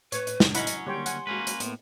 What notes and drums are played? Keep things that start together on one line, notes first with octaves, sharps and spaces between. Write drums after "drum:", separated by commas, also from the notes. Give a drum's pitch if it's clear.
A2 B4 C#5, drum: hi-hat
drum: hi-hat
drum: snare
F#3 C#4 E4 D#5 F#5 B5, drum: hi-hat
drum: hi-hat
D3 G3 A#3 C#5 G5 C6
F#5 G#5, drum: hi-hat
G#3 A#3 C#4 F#4 B4
drum: hi-hat
A2 A#3 B3, drum: hi-hat